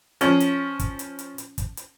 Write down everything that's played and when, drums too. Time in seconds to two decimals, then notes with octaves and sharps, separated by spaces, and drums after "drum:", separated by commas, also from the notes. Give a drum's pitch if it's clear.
0.21 F3 C#4, drum: hi-hat
0.40 drum: hi-hat
0.80 drum: kick, hi-hat
0.99 drum: hi-hat
1.19 drum: hi-hat
1.38 drum: hi-hat
1.58 drum: kick, hi-hat
1.77 drum: hi-hat